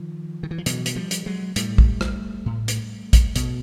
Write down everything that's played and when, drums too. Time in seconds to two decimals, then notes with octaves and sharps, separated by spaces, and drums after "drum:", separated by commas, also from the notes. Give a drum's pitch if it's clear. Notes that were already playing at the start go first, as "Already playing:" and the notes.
Already playing: D#3 F3
0.43 D#3
0.51 E3
0.58 F3
0.66 B2 E3 F#3, drum: hi-hat
0.86 F#3, drum: hi-hat
0.96 F3 G3
1.11 drum: hi-hat
1.26 F#3 G#3
1.56 A2 G3 A3, drum: hi-hat
1.78 drum: kick A#1
2.01 drum: rim click
2.46 A2
2.68 drum: hi-hat
3.13 drum: kick A#1, hi-hat
3.36 B2, drum: hi-hat